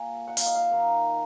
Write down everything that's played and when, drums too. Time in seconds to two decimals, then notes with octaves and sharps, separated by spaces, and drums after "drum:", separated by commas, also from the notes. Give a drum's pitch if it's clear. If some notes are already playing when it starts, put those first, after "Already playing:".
Already playing: A#2 F#5 G#5
0.28 D#4 F#5
0.37 F5, drum: open hi-hat
0.46 D#5
0.55 F5
0.71 D#3